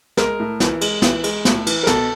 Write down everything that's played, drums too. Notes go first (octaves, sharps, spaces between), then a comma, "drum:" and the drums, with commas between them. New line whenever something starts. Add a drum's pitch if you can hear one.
G#3 A#4, drum: snare
A2
E3, drum: snare
G#3, drum: cymbal
E3, drum: snare
G#3, drum: cymbal
A2, drum: snare
E3, drum: cymbal
A#4
B2 A4, drum: snare